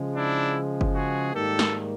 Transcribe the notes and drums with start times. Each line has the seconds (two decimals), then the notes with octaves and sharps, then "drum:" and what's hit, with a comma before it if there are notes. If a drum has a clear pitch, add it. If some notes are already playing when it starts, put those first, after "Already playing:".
Already playing: C#3 F3 G#3
0.15 D4 E4
0.81 drum: kick F#1
0.94 F#4 G#4
1.32 G#2 D#3 G3 A#3 G4 A4
1.59 drum: snare